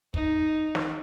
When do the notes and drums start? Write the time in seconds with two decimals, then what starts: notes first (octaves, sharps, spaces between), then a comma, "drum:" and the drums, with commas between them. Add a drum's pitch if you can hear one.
0.14 D#4, drum: kick
0.75 drum: snare